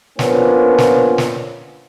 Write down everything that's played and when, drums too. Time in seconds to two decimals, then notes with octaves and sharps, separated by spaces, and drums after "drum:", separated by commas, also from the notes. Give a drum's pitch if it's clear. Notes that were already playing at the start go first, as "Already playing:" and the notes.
0.19 F3 A#3 B3 C#4 D4 F4, drum: snare
0.78 drum: snare
1.18 drum: snare